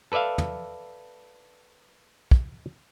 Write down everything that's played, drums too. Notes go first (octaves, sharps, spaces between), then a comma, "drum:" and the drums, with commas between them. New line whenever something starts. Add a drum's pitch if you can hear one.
A4 B4 D5 E5 F5
drum: tom
drum: kick